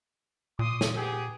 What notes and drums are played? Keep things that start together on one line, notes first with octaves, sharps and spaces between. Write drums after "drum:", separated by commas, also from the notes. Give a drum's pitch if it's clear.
A#2 C6 D6 D#6
drum: snare
B3 G4 G#4